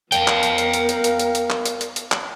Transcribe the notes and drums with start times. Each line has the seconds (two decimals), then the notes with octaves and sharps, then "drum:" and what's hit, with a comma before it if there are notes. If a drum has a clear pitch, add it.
0.12 B3 A#4 F5 G5, drum: hi-hat
0.27 drum: clap
0.43 drum: hi-hat
0.58 drum: hi-hat
0.73 drum: hi-hat
0.89 drum: hi-hat
1.04 drum: hi-hat
1.20 drum: hi-hat
1.35 drum: hi-hat
1.50 drum: clap
1.66 drum: hi-hat
1.81 drum: hi-hat
1.96 drum: hi-hat
2.12 drum: clap